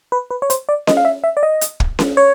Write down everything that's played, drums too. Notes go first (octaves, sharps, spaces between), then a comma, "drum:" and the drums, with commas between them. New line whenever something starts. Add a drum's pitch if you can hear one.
B4
B4
C#5
C5, drum: hi-hat
D5
D#5, drum: snare C#4
F5
E5
E5
D5
D#5
drum: hi-hat
drum: kick
drum: snare C#4
C#5